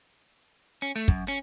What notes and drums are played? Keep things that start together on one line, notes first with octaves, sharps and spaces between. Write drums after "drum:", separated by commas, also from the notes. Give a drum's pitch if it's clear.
C#4
A3
F#2, drum: kick
C#4